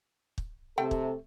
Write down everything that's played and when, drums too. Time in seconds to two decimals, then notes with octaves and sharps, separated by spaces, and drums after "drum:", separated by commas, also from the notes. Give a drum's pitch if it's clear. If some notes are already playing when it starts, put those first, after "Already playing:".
0.38 drum: kick
0.78 C3 A3 A4 G5
0.91 drum: kick